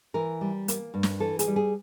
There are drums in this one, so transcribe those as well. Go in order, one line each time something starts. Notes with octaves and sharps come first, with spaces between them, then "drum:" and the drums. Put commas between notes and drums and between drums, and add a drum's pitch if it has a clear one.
E3 A#4
G3
A#3, drum: hi-hat
G2
drum: snare
E3 A4
G#4, drum: hi-hat
G3
G#4